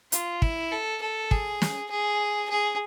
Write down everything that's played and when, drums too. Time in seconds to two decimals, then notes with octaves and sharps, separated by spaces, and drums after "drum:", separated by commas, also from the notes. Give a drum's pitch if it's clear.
0.12 F4, drum: hi-hat
0.42 E4, drum: kick
0.71 A4
1.02 A4
1.31 G#4, drum: kick
1.62 drum: snare
1.90 G#4
2.50 G#4